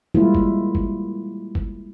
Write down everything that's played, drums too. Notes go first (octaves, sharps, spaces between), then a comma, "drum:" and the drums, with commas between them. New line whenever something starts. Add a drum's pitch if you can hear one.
G3 G#3 A#3 E4 F4
drum: kick
drum: kick
drum: kick